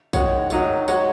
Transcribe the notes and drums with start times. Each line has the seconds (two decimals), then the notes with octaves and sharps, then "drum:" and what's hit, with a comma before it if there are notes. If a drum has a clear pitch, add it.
0.13 D#3 G#3 F#4 C#5 F#5, drum: kick A#1, tambourine
0.50 G#2 D#3 F#3 D#4 F#4, drum: tambourine
0.88 G#3 F#4 C#5 F#5, drum: tambourine